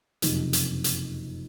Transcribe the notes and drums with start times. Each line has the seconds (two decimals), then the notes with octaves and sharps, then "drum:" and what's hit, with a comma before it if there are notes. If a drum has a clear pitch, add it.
0.22 F#1 F2 C3 F3 D#4, drum: hi-hat
0.53 drum: hi-hat
0.84 drum: hi-hat